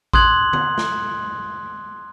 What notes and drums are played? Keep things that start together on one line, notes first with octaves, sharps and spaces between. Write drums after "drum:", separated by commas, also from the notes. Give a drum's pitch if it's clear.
C6 D#6 F#6 G#6 F#7, drum: kick A1
drum: tom D3
drum: snare